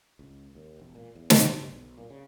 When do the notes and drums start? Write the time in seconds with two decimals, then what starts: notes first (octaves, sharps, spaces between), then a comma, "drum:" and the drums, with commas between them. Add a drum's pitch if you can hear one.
0.19 C#2
0.55 D#2
0.80 E1
0.95 A#2
1.15 E2
1.30 B2, drum: snare
1.56 G2
1.72 B1
1.98 A#2
2.10 C#3